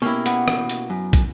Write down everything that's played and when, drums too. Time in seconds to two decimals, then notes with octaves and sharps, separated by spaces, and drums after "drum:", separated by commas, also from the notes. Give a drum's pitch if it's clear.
0.02 B2 A#3 C#4 E4 G4
0.26 B3, drum: hi-hat
0.48 drum: rim click
0.69 drum: hi-hat
0.90 F#2
1.13 drum: kick, hi-hat